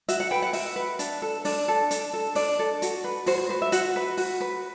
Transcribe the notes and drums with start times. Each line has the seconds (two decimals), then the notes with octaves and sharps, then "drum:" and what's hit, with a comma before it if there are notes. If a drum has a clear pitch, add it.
0.08 F#4 E5, drum: hi-hat
0.20 F#5
0.31 B4 G5
0.42 F#5
0.53 F#4 E5, drum: open hi-hat
0.76 B4
0.99 D4, drum: hi-hat
1.22 A4
1.45 D4 D5, drum: open hi-hat
1.68 A4
1.91 D4, drum: hi-hat
2.13 A4
2.35 D4 D5, drum: open hi-hat
2.59 A4
2.82 F#4, drum: hi-hat
3.04 B4
3.26 F#4 C5, drum: open hi-hat
3.38 C5
3.49 B4 C5
3.62 E5
3.72 F#4 F#5, drum: hi-hat
3.96 B4
4.17 F#4, drum: open hi-hat
4.41 B4